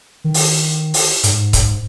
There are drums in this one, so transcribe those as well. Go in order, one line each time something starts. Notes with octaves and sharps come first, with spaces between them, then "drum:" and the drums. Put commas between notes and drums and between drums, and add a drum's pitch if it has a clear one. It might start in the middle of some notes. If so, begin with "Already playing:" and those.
D#3
drum: open hi-hat
drum: open hi-hat
G#2, drum: hi-hat
drum: kick C#1, hi-hat